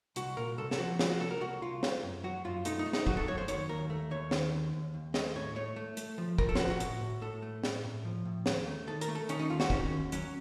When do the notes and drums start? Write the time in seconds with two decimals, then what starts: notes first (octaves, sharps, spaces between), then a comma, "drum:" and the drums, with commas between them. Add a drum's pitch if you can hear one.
0.16 C2 F#4, drum: hi-hat
0.37 A#2 A#4
0.58 C2 A4
0.71 A4, drum: snare
0.78 F3 F#4
0.99 F3 F4, drum: snare
1.10 F#4
1.20 C2 A4
1.31 A#4
1.41 C2 F#4
1.62 C2 F4
1.83 A3, drum: snare
2.03 F#2
2.24 F#3 F#4
2.45 F#2 F4
2.65 A3 D#4, drum: hi-hat
2.79 D#4
2.86 A3
2.93 D#4, drum: snare
3.07 F#3 F#4, drum: kick
3.17 A4
3.28 F#2 C#5
3.38 C5
3.48 D#3 C#5, drum: hi-hat
3.69 D#2 A#4
3.90 A3
4.11 D#2 C#5
4.31 D#3, drum: snare
4.52 D#2
4.73 D#2
4.94 D#2
5.14 A3 D#5, drum: snare
5.35 A2 C#5
5.56 A3 C#5
5.76 A3
5.97 A3, drum: hi-hat
6.18 F3
6.38 F3 A#4, drum: kick
6.49 A4
6.55 F4, drum: snare
6.59 A2 F#4
6.70 F#4
6.80 A2, drum: hi-hat
7.01 A2
7.21 A2 A4
7.42 A3
7.64 A2, drum: snare
7.84 A2
8.04 F3
8.25 A2
8.46 D#2, drum: snare
8.67 A3
8.87 D#3 A4
9.01 A#4, drum: hi-hat
9.08 A3
9.15 A4
9.29 D#3 C#4, drum: hi-hat
9.39 D#4
9.50 D#2 F4
9.60 F#4, drum: snare
9.70 D#3 C#4, drum: kick
9.91 D#2
10.12 F#3 C#4, drum: hi-hat